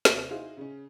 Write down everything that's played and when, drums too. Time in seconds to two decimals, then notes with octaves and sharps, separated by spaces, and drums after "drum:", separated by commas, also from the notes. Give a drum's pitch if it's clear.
0.05 D#2 C3 E5, drum: snare
0.29 D#4 E4 F#4 G#4 C5 F5
0.57 C#3 C#4